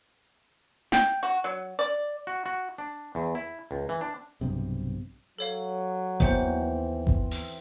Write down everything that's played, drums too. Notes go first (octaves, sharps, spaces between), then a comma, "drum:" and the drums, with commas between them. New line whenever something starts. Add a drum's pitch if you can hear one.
G5, drum: snare
F#4
F#3
D5
F#4
F#4
D4
E2
E4
C#2
E3
D4
B1 G2 C3
F#3 A4 C#5 F5
D#2 E3 B3 C4 C5 F#5 G6, drum: kick G1
drum: kick G1
drum: open hi-hat